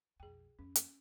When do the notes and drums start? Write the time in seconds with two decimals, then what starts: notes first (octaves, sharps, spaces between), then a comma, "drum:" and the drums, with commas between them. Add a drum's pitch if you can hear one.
0.20 B1 F2 G#4 G5
0.59 F2 C#4
0.76 drum: hi-hat